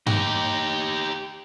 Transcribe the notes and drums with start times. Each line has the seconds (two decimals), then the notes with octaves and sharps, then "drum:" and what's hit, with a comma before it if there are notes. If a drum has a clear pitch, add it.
0.07 D#4 G4, drum: tom G2